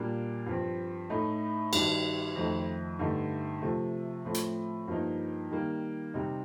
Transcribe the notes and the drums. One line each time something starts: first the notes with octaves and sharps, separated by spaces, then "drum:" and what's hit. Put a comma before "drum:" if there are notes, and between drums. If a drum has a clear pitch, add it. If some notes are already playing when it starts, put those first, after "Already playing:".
Already playing: A#2 G3 A#3 D4
G2 F3 C4
A2 A3 D#4
G2 D#3 G3 D4, drum: cymbal
F2 D#3 A3 D#4
G2 D3 A3 D#4
C3 F3 A3
A2 F3 A3 C4
drum: hi-hat
G2 F3 A#3 D#4
D#3 G3 A#3
C3 G3 C4 D#4